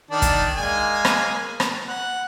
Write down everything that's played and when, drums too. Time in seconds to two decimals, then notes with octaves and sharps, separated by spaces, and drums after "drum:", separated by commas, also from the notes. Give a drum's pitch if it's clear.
0.11 D#3 D4 D5
0.22 drum: kick, hi-hat
0.56 G#3 A#3 G#5
1.05 drum: rim click
1.60 drum: rim click
1.87 F#5